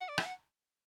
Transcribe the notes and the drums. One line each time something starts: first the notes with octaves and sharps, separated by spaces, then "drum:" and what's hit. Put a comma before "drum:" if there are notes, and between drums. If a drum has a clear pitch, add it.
F#5
D5
E5, drum: rim click
F#5